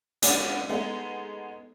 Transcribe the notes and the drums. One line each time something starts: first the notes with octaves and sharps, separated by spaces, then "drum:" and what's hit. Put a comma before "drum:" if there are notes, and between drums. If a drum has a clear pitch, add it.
C#2 C#4 D4 D5 F#5 D6, drum: hi-hat
G#3 A3 B3 D#4